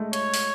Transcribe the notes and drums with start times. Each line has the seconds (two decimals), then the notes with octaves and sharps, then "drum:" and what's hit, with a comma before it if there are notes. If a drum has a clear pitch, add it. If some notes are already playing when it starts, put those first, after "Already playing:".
Already playing: G#3 A3
0.13 C#5, drum: hi-hat
0.34 drum: open hi-hat